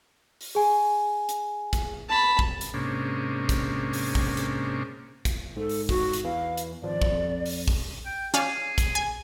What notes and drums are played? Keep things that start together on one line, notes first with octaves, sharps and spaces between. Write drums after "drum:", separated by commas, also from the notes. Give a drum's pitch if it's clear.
drum: open hi-hat
G#4 G#5
drum: hi-hat
drum: kick, hi-hat
A5 B5
drum: kick
drum: hi-hat
G#2 C3 A#3 C#4 D4
drum: kick, hi-hat
drum: open hi-hat
drum: kick
drum: hi-hat
drum: kick, hi-hat
G#2 A4
drum: open hi-hat
F#4, drum: kick
drum: hi-hat
E2 E3 F5
drum: hi-hat
G#1 F3 D5
drum: kick
F2
drum: open hi-hat
drum: kick
G5
C#4 G#4 D5 F5, drum: hi-hat
drum: kick, hi-hat
G#5